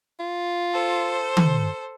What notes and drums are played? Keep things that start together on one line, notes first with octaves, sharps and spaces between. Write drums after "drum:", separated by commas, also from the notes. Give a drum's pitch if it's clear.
F4
A4 C5
drum: tom D#3